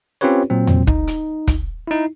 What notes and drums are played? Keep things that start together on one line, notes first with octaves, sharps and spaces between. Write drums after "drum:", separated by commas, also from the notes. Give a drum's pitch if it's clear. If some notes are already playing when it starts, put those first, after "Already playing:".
C4 C#4 F4 G4 B4 C#5
A#2 F#3 C4
drum: tom E2
D#4, drum: kick
drum: hi-hat
drum: kick, hi-hat
D#4 E4